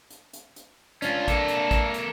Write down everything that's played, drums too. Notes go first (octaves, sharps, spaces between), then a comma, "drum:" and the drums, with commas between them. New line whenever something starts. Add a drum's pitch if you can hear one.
drum: hi-hat
drum: hi-hat
drum: hi-hat
C#4 D4 F4, drum: hi-hat
A#3 A4, drum: kick, hi-hat
drum: hi-hat
drum: kick, hi-hat
drum: hi-hat